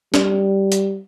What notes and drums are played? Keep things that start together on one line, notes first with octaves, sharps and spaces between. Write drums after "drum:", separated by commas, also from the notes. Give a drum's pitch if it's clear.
G3, drum: snare
drum: hi-hat